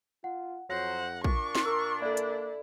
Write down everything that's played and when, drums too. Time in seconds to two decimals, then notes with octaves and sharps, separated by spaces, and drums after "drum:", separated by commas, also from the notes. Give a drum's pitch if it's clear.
0.24 F4 F#5
0.70 F2 F#3 C5 F#5 A#6
1.24 A#2 D4 C#6, drum: kick A#1
1.55 drum: snare
1.65 A#4 E6
2.02 A#3 E4 A4 D5
2.17 drum: hi-hat